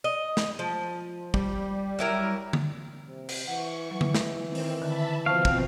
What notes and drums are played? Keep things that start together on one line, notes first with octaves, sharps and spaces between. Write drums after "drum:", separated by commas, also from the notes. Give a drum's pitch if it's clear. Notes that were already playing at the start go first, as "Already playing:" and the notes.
D#5
drum: snare
F3
G3, drum: kick
F#3 E4 A#4
drum: tom
C3
drum: cymbal
E3 F#5 C#6
E3 F#3
drum: tom
drum: snare
D#3 C4
drum: open hi-hat
D3 D#3 E5 A5 B5
B2 F3 C4 C5 F5 A5 C#6
drum: kick